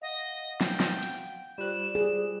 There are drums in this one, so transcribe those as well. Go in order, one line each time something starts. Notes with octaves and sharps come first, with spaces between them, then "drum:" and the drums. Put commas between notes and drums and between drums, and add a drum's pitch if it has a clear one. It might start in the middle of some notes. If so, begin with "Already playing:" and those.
D#5 F5 F#5
G5, drum: snare
drum: snare
drum: hi-hat
G3 F4 C5 D5 F#6 E7
G#4